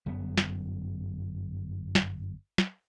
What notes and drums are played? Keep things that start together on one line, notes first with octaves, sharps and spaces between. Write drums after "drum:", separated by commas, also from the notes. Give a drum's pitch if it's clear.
G1 F#2 B3
drum: snare
drum: snare
drum: snare